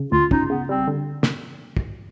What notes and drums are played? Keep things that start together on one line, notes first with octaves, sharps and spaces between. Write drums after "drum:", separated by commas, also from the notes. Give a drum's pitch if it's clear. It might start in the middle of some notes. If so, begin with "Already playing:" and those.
Already playing: C#3
D2 F4
C#3 D#4, drum: kick
C#3 B3
G3 C4
D3
drum: snare
drum: kick